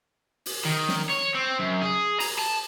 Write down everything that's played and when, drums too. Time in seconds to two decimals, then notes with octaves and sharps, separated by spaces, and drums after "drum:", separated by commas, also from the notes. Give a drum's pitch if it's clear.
0.46 drum: open hi-hat
0.65 D#3
0.89 drum: snare
1.10 C#5
1.35 C4
1.60 F#2
1.82 G#4
2.20 A#5, drum: open hi-hat
2.38 A5